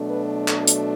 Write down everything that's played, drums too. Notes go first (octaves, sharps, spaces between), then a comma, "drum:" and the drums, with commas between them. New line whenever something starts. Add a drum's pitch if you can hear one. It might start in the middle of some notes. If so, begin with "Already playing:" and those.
Already playing: B2 F#3 A3 D4
B4
A4, drum: clap
drum: hi-hat